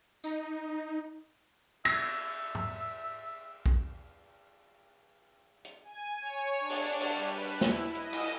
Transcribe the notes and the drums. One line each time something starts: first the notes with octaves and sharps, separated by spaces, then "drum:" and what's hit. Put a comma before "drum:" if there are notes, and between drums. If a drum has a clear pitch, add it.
D#4, drum: tambourine
E5 E6 G#6 A#6, drum: cymbal
drum: tom G#2
drum: kick
drum: hi-hat
G#5
C#5
D4
drum: open hi-hat
G3, drum: open hi-hat
B4
E4, drum: snare
D#5, drum: hi-hat
drum: cymbal